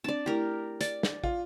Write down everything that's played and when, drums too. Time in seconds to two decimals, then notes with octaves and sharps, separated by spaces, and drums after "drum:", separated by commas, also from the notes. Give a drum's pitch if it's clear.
0.04 C4 D4 D5 A5
0.26 A3 E4 G4 A#4
0.81 D5, drum: hi-hat
1.03 drum: snare
1.24 F4, drum: kick